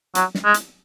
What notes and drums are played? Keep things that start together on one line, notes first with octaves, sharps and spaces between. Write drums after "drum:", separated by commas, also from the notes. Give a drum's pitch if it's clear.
F#3, drum: hi-hat
drum: snare
G#3
drum: hi-hat